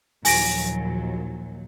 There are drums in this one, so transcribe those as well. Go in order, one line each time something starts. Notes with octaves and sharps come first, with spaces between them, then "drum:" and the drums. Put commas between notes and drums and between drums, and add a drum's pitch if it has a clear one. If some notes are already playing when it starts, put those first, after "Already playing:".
A#1 D#2 F#3 G#5 A#6 D7, drum: open hi-hat